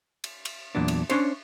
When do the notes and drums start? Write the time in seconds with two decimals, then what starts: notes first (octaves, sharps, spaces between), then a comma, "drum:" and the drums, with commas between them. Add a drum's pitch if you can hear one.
0.24 drum: cymbal
0.45 drum: cymbal
0.75 E2 A#2 F#3 D4
0.88 drum: cymbal
1.10 C#4 D4 C5 C#5, drum: cymbal